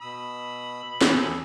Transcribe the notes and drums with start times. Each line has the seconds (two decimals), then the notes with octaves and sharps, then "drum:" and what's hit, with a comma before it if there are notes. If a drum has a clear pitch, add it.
0.01 B2 B5 D#6 E6
1.01 E2 E3 G#4 A4, drum: snare